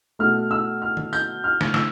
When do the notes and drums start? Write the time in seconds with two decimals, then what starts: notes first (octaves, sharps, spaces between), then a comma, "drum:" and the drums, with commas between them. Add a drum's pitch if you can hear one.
0.19 B2 A3 F6
0.51 E6
0.82 F6
0.97 drum: tom D3
1.13 G6, drum: tambourine
1.44 F6
1.61 drum: snare
1.74 E6, drum: snare